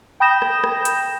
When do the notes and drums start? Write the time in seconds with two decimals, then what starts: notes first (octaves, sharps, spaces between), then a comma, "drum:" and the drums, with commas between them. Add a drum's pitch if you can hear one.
0.20 G5 B5 D#6 G6 A#6 E7
0.42 drum: rim click
0.64 drum: rim click
0.85 drum: hi-hat